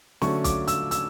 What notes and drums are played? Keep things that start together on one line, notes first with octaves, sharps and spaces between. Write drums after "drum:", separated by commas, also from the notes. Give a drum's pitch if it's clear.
D3 F#3 A3 C#4 C#6, drum: snare
D6, drum: kick B1, hi-hat
E6, drum: hi-hat
E6, drum: hi-hat